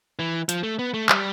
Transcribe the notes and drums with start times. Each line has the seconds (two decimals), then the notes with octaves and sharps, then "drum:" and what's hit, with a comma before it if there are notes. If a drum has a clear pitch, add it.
0.19 E3
0.49 F3, drum: hi-hat
0.63 A3
0.79 B3
0.94 A3
1.09 G3, drum: clap